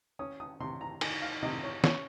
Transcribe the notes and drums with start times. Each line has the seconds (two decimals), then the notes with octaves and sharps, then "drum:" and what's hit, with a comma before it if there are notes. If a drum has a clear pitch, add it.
0.19 C#4 D#6
0.40 D#6
0.60 C3 C6
0.81 A#5
1.01 D#3 G#5, drum: cymbal
1.22 F5
1.43 C3 D#5
1.63 C#5
1.84 C#4 C#5, drum: snare